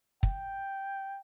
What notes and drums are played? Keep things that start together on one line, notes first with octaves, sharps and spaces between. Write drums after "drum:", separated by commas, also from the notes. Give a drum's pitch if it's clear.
G5, drum: kick